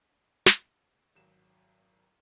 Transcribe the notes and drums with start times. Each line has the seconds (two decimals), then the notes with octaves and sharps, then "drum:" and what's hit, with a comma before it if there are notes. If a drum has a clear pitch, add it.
0.46 drum: snare
1.16 G#1 F#3 E7